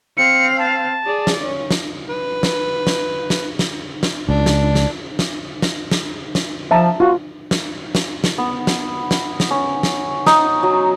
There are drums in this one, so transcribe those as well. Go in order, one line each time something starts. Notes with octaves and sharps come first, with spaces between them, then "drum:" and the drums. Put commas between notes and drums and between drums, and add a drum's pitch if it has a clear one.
C4 F5 C#7
A5
G#4 D5
drum: snare
C#4
drum: snare
B4
drum: snare
drum: snare
drum: snare
drum: snare
drum: snare
C#2 D4
drum: snare
drum: snare
drum: snare
drum: snare
drum: snare
drum: snare
F3 E5 A5 A#5
F4 F#4
drum: snare
drum: snare
drum: snare
B3
drum: snare
drum: snare
drum: snare
C#4
drum: snare
D#4, drum: snare
F#3